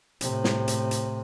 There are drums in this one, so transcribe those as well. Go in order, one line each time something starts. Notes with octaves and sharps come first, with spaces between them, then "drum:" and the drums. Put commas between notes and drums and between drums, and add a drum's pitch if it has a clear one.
A2 C3, drum: hi-hat
drum: snare
drum: hi-hat
drum: hi-hat